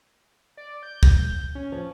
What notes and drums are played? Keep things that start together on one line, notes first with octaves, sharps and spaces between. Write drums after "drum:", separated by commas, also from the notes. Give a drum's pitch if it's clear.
D5
G6
drum: kick
C#4
F3